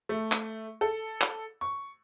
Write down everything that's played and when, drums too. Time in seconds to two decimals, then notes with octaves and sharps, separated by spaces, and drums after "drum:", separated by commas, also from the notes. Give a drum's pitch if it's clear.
0.09 A3
0.32 drum: clap
0.81 A4
1.21 drum: clap
1.61 C#6